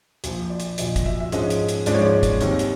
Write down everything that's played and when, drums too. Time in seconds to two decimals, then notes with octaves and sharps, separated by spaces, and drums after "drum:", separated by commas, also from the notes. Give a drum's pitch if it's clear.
0.24 A#1 A#2 F3, drum: hi-hat
0.50 D5
0.60 drum: hi-hat
0.78 A#1 A#2 F3 D#5, drum: hi-hat
0.96 drum: kick, hi-hat
1.06 E5
1.20 E5
1.32 G#2 F3 G#3 C#4 D#5, drum: hi-hat
1.50 drum: hi-hat
1.69 drum: hi-hat
1.86 G#2 F3 G#3 C#4 D5, drum: hi-hat
1.94 C#5
2.01 D5
2.23 drum: kick, hi-hat
2.41 D#2 D#3 G3 C4 C#5, drum: hi-hat
2.59 drum: hi-hat